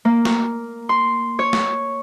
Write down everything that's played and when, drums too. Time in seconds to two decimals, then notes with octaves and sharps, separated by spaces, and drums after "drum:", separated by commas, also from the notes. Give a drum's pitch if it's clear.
0.05 A#3
0.25 drum: snare
0.89 C6
1.39 C#5
1.53 drum: snare